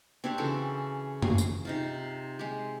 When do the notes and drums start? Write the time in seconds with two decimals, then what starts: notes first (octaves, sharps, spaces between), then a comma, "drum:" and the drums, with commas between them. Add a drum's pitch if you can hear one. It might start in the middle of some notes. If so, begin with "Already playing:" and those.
0.24 C4 D4 G4 C#5
0.38 C#3 E3 F#4 A4
1.22 G#4, drum: tom F#2
1.38 drum: tambourine
1.65 C3 D#4 F4
2.39 G#3 G4